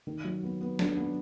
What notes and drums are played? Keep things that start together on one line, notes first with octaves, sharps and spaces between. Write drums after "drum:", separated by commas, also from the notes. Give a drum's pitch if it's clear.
D#3
F#3
B3
B3
D4, drum: snare
B3